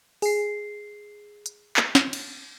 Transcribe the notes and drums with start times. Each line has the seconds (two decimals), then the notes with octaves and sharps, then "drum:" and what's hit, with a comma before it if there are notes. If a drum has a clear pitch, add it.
0.22 G#4 C7, drum: open hi-hat
1.46 drum: hi-hat
1.77 drum: clap
1.95 drum: snare
2.13 drum: cymbal